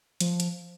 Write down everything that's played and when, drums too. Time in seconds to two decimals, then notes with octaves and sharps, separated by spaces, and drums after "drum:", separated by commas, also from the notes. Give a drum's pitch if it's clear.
0.20 F3, drum: hi-hat
0.40 drum: hi-hat